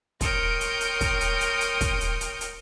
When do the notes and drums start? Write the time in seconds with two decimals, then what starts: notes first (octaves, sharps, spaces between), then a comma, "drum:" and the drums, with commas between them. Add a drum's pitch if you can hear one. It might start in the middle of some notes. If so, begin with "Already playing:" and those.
0.21 A#4 C#5 G5 C6 D#6 G6, drum: kick, hi-hat
0.61 drum: hi-hat
0.81 drum: hi-hat
1.01 drum: kick, hi-hat
1.21 drum: hi-hat
1.41 drum: hi-hat
1.61 drum: hi-hat
1.81 drum: kick, hi-hat
2.01 drum: hi-hat
2.21 drum: hi-hat
2.41 drum: hi-hat